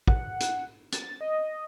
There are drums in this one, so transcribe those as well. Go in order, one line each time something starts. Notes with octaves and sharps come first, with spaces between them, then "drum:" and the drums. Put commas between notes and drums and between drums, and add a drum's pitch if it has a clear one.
F#5, drum: kick
drum: hi-hat
A6, drum: hi-hat
D#5